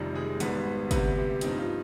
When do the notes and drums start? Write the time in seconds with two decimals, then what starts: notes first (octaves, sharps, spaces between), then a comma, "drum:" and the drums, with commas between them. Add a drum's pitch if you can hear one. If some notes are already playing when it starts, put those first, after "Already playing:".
Already playing: F1 F2 C3 D#3 G3
0.15 G#3 G#4
0.40 G#1 G#2 G3 B3 B4, drum: hi-hat
0.91 D2 C3 G3 B3 B4, drum: kick, hi-hat
1.17 G4
1.41 G2 F3 C4 D#4 G4, drum: hi-hat
1.58 F4